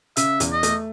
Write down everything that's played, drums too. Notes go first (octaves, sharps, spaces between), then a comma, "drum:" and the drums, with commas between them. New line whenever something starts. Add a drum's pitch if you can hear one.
C#3 E5, drum: hi-hat
E2, drum: hi-hat
D#5
A3, drum: hi-hat